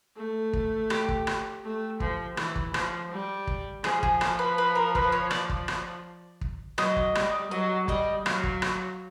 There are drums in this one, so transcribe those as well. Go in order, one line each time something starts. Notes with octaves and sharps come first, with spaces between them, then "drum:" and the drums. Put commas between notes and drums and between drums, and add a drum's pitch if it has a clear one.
A3
drum: kick
G4, drum: rim click
drum: kick
drum: rim click
A3
F3, drum: kick
E3, drum: rim click
drum: kick
F3, drum: rim click
G3
drum: kick
F3 G#4, drum: rim click
G#4, drum: kick
A4, drum: rim click
B4
B4
A#4
B4, drum: kick
C#5
D5, drum: rim click
drum: kick
drum: rim click
drum: kick
F#3 D#5, drum: rim click
drum: kick
G3, drum: rim click
F#3 D#5
G3 D#5, drum: kick
F#3 F5, drum: rim click
drum: kick
drum: rim click